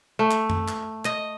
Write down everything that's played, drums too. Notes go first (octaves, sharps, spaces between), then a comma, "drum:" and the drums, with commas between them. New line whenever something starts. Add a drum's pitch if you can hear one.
A3
drum: clap
drum: tom F#2
drum: clap
D#5, drum: clap